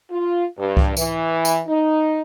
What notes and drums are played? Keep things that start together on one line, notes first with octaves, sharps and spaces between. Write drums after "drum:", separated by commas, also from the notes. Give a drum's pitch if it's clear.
F4
G2
drum: kick C2
E3, drum: tambourine
drum: tambourine
D#4